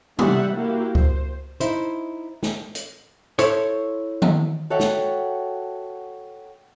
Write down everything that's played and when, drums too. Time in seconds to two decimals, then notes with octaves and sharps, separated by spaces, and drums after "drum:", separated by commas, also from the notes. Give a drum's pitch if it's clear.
0.19 G3 E5 F#5, drum: tom
0.55 A#3 E4 F#4 G4
0.95 C5, drum: kick C#2
1.60 D#4 E4 C5, drum: hi-hat
2.43 drum: snare
2.75 drum: hi-hat
3.39 E4 A4 C5 C#5, drum: hi-hat
4.22 drum: tom D#3
4.70 F#4 A4 C#5 E5 F#5 G5
4.79 drum: snare